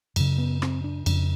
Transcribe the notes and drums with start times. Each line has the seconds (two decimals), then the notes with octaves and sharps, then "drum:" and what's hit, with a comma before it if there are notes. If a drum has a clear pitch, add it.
0.16 F#2 C#3, drum: cymbal
0.38 B3
0.62 C4, drum: rim click
0.84 D4
1.06 F2 C#3 D4, drum: cymbal